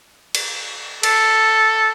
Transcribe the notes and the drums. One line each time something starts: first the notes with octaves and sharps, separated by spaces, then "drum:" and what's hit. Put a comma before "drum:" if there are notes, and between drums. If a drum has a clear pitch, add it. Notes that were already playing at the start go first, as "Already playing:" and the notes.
drum: cymbal
A4, drum: cymbal